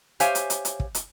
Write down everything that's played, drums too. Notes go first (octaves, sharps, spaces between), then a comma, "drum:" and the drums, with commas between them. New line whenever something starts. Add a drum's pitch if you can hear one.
G4 C5 C#5 E5 F5 G#5, drum: hi-hat
drum: hi-hat
drum: hi-hat
drum: hi-hat
drum: kick
drum: hi-hat